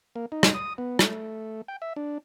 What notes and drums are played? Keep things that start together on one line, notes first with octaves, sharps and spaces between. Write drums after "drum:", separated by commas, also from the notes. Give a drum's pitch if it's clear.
A#3
D#4
drum: rim click
D#6
B3
A3, drum: rim click
G5
E5
D4